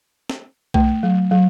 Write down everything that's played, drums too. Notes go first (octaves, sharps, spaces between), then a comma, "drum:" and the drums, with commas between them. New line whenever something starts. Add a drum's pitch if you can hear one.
drum: snare
A3, drum: kick B1
F#3
F#3